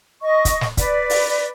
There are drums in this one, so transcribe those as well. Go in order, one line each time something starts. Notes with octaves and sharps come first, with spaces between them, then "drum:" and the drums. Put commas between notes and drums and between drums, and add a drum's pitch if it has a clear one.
D#5 C#6
drum: kick, hi-hat
drum: snare
B4 D5, drum: kick, hi-hat
drum: open hi-hat